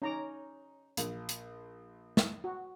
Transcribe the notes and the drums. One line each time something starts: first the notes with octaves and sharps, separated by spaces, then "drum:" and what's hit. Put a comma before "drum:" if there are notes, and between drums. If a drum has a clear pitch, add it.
C#4 D#4 A#5 D6
A#1, drum: hi-hat
drum: hi-hat
drum: snare
F#4